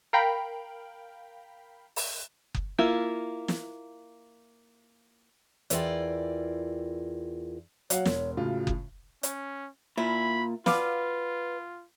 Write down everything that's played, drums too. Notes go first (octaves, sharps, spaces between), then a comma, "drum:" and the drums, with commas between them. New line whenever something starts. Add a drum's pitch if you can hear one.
A#4 F5 G5 B5
drum: open hi-hat
drum: kick F#1
A#3 E4 F4
drum: snare
E2 E4 F4 A#4 D5 G5, drum: hi-hat
F#3 C#5 F5 F#5, drum: hi-hat
E1, drum: snare
A2 C#3 F4 F#4
drum: kick F#1
C#4, drum: hi-hat
A#2 E4 B5
B2 F4 B4 D5 F5, drum: snare